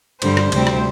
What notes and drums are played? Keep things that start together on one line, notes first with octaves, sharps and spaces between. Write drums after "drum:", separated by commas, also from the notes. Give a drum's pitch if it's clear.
G2 D3 G3 C5, drum: cymbal
drum: rim click
D2 C3 G3 C4, drum: cymbal
drum: rim click